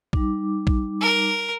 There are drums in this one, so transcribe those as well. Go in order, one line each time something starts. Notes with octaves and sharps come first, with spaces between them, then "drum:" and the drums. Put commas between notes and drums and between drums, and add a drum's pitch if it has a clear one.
G3 D#4 D6, drum: kick A#1
drum: kick A#1
A#4